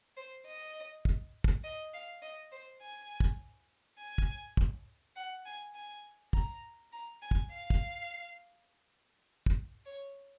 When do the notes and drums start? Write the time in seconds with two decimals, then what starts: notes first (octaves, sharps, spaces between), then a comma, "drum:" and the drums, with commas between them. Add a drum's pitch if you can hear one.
0.17 C5
0.47 D#5
1.05 drum: kick
1.44 drum: kick
1.64 D#5
1.94 F5
2.23 D#5
2.52 C5
2.81 G#5
3.20 drum: kick
3.99 G#5
4.18 drum: kick
4.57 drum: kick
5.16 F#5
5.46 G#5
5.75 G#5
6.33 A#5, drum: kick
6.92 A#5
7.22 G#5
7.31 drum: kick
7.51 F5
7.70 drum: kick
9.46 drum: kick
9.86 C#5